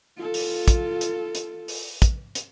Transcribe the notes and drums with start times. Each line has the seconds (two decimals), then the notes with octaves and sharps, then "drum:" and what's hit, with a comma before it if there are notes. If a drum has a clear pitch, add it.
0.17 F4 A4
0.34 drum: open hi-hat
0.68 drum: kick, hi-hat
1.01 drum: hi-hat
1.35 drum: hi-hat
1.68 drum: open hi-hat
2.02 drum: kick, hi-hat
2.35 drum: hi-hat